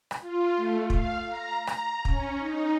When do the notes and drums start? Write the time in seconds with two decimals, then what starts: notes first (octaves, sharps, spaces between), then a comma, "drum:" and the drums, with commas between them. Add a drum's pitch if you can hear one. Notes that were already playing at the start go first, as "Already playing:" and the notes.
0.11 drum: rim click
0.21 F4
0.56 A3
0.90 F5, drum: kick
1.27 A#5
1.67 A#5, drum: rim click
2.05 C#4, drum: kick
2.38 D#4